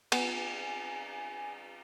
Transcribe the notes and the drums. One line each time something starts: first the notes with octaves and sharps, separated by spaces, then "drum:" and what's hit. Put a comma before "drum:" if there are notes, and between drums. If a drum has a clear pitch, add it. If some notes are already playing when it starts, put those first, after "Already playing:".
B3 G#5, drum: cymbal